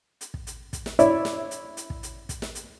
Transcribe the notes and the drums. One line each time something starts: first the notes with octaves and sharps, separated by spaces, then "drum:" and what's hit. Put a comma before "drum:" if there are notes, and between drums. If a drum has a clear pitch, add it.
drum: hi-hat
drum: kick
drum: hi-hat
drum: kick, hi-hat
drum: snare
E4 C#5 D5 E5, drum: hi-hat
drum: snare
drum: hi-hat
drum: hi-hat
drum: kick
drum: hi-hat
drum: kick, hi-hat
drum: snare
drum: hi-hat